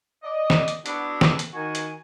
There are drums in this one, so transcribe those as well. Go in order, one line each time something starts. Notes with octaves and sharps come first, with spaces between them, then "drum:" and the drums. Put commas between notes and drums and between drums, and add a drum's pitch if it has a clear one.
D5 D#5
drum: snare
drum: hi-hat
B3 D4 E4 F#4, drum: hi-hat
drum: snare
drum: hi-hat
D#3 F#4 G#5
drum: hi-hat